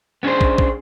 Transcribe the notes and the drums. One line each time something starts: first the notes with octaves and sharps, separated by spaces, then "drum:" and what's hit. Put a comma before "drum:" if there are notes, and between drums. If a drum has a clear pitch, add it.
B3 C#4 D4 G#4 C5
drum: kick
drum: kick